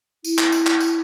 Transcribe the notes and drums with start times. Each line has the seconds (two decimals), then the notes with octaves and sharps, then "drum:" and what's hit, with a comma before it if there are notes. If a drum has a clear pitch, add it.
0.24 E4, drum: tambourine
0.38 drum: clap
0.52 drum: tambourine
0.66 drum: clap
0.80 drum: tambourine